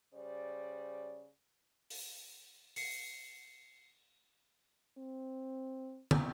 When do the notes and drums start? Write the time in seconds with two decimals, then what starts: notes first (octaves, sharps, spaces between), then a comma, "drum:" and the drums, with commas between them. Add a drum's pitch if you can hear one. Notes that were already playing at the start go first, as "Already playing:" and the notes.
0.14 C#3 G3 C5 D5
1.90 drum: open hi-hat
2.76 C7 C#7, drum: open hi-hat
4.98 C4
6.11 drum: tom